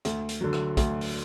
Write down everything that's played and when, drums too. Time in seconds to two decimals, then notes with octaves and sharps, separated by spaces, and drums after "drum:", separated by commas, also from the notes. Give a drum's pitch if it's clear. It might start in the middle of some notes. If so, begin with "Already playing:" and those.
0.05 D2, drum: hi-hat
0.29 drum: hi-hat
0.41 D3 F#3
0.53 drum: rim click
0.77 D2, drum: kick, hi-hat
1.01 drum: open hi-hat